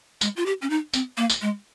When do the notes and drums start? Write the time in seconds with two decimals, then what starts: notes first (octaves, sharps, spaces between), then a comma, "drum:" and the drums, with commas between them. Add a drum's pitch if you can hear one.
0.21 G#3, drum: tambourine
0.36 F4
0.46 G4
0.62 C#4
0.70 D#4
0.93 C4, drum: tambourine
1.17 A#3
1.30 drum: tambourine
1.42 G#3